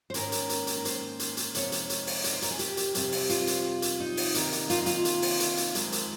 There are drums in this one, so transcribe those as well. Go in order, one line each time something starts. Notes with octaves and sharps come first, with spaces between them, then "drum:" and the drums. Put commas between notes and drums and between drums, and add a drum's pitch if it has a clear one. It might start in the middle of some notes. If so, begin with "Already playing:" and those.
C5
G#2 D#3 A#3 C#4 A#4, drum: hi-hat
drum: hi-hat
drum: hi-hat
drum: hi-hat
A#4
C5, drum: hi-hat
drum: hi-hat
drum: hi-hat
F2 C3 F3 G#3 D#4 C#5, drum: hi-hat
drum: hi-hat
drum: hi-hat
drum: open hi-hat
D#5, drum: hi-hat
C5
A#4, drum: hi-hat
G#4
G4, drum: hi-hat
drum: hi-hat
F2 C3 G3 C4, drum: hi-hat
drum: open hi-hat
F4, drum: hi-hat
drum: hi-hat
drum: hi-hat
D#4
drum: open hi-hat
C3 D#3 A#3, drum: hi-hat
drum: hi-hat
F4, drum: hi-hat
D#4
F4, drum: hi-hat
drum: hi-hat
drum: open hi-hat
drum: hi-hat
drum: hi-hat
F2 D#3 G#3 C4 D#4, drum: hi-hat
drum: hi-hat